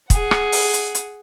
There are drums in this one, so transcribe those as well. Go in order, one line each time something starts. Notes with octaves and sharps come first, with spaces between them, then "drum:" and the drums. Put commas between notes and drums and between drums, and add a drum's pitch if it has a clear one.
G#4 F#5, drum: kick, hi-hat
drum: rim click
drum: open hi-hat
drum: hi-hat
drum: hi-hat